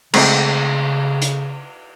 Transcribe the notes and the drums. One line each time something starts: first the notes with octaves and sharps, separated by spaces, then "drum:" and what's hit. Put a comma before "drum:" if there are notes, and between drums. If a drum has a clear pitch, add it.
C#3 G#3 A3 C4, drum: cymbal
drum: hi-hat